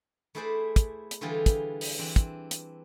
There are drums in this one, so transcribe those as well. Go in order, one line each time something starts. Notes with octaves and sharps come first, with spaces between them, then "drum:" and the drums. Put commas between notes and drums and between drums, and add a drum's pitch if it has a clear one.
A3 E4 G#4 B4 C5 D5
drum: kick, hi-hat
drum: hi-hat
D3 E3 G3 F4 G#4 A4
drum: kick, hi-hat
drum: open hi-hat
E3 C4 D4
drum: kick, hi-hat
drum: hi-hat